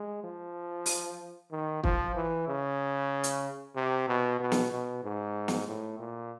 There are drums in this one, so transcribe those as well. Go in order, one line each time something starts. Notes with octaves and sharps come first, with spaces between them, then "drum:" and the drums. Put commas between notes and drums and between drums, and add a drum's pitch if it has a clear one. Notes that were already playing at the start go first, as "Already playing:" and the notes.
Already playing: G#3
F3
drum: open hi-hat
D#3
F3, drum: kick
E3
C#3
drum: hi-hat
C3
B2
B2
drum: snare
B2
G#2
drum: snare
A2
A#2